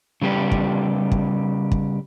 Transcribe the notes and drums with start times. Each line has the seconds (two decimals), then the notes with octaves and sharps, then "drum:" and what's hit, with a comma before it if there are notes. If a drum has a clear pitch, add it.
0.22 C#3 G3 B3 G4
0.52 drum: kick
1.12 drum: kick
1.72 drum: kick